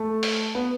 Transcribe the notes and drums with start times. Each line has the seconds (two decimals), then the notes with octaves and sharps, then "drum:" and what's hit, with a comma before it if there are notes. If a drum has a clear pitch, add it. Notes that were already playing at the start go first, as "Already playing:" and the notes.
Already playing: A3
0.23 drum: open hi-hat
0.55 B3